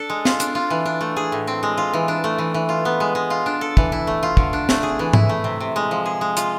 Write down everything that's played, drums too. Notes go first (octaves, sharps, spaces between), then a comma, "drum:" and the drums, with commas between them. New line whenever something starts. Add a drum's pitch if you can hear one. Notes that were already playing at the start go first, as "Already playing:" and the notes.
Already playing: D4 A4
G#3
F4, drum: snare
D4, drum: hi-hat
F4
E3
D4
A3
G#4
A2
C4
G#3
F4
E3
D4
A3
E3
E3
F4
B3
G#3
G#3
F4
D4
A4
E3, drum: kick
E4
A3
F4
D3, drum: kick
D4
A3, drum: snare
G#4
E3
E4, drum: tom G#2
A3
C3
C3
G#3
F3
G#4
G#3
F4, drum: hi-hat